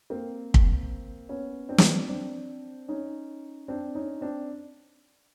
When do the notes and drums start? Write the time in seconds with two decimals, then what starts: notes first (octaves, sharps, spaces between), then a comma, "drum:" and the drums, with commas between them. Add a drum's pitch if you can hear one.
0.10 A#3 C4
0.54 drum: kick
1.29 B3 C#4
1.69 C4 D4
1.78 drum: snare
2.09 C4 D4
2.88 C#4 D#4
3.68 C4 D4
3.95 C#4 D#4
4.21 C4 D4